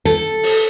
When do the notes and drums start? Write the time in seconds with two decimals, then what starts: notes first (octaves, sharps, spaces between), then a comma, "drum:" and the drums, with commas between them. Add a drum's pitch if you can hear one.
0.05 A4, drum: hi-hat
0.43 drum: open hi-hat